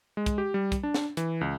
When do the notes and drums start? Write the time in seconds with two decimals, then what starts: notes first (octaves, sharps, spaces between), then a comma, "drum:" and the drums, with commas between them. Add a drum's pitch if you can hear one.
0.17 G#3
0.26 drum: kick, hi-hat
0.38 G4
0.54 G3
0.72 drum: kick, hi-hat
0.83 D4
0.94 drum: snare
1.17 E3, drum: hi-hat
1.41 C#2